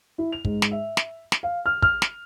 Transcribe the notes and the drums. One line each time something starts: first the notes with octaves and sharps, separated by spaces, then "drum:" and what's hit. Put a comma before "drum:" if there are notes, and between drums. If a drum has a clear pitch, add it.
E4
F7
G#2, drum: kick
drum: snare
E5
drum: snare
drum: snare
F5
F6
F6, drum: kick
drum: snare